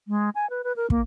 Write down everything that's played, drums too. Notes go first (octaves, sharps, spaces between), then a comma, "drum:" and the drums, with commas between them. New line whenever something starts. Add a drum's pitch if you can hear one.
G#3
G#5
B4
B4
A#4
A#3, drum: kick